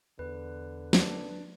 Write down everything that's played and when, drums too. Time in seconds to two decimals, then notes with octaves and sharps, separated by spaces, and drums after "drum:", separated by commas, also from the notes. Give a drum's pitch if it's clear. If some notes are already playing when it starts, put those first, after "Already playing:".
0.19 E2 D3 B4
0.93 D4, drum: snare